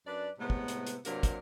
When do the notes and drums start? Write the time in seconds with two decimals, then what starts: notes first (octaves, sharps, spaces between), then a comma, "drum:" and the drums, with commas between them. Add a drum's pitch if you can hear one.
0.06 F#2 D4 B4 D5
0.38 A2 C3 G#3 B3
0.50 drum: kick
0.68 drum: hi-hat
0.87 drum: hi-hat
1.05 G2 C3 F#3 A#3 D4 A#4, drum: hi-hat
1.23 drum: kick, hi-hat